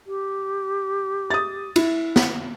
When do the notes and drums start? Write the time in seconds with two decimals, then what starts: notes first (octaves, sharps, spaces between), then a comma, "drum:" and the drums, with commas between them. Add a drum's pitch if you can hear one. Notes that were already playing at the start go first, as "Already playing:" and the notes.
0.07 G4
1.30 D#6 A6
1.76 E4, drum: cymbal
2.16 drum: snare